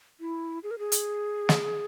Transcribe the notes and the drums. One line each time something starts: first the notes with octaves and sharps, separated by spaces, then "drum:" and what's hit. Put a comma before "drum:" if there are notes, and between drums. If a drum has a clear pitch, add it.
E4
G#4
A#4
G#4
drum: hi-hat
drum: snare